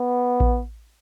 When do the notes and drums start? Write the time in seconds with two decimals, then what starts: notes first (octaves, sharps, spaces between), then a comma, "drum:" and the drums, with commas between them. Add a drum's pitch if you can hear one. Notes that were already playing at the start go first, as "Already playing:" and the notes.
Already playing: B3
0.40 drum: kick A1